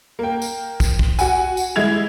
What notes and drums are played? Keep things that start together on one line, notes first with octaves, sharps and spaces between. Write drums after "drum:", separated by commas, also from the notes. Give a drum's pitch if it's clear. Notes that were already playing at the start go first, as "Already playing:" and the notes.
A#3 G5
drum: tambourine
drum: kick, tambourine
drum: kick
F#4 F#5 G#5, drum: tambourine
drum: tambourine
E3 G#3 E4 G#6 F7